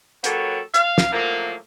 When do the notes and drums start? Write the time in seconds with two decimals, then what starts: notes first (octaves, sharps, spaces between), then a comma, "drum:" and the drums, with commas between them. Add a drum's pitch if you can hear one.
0.24 F#3 A#3 G4 A4 B4 C#5, drum: hi-hat
0.74 F5, drum: hi-hat
0.98 drum: snare
1.12 A2 F3 F#3 A#3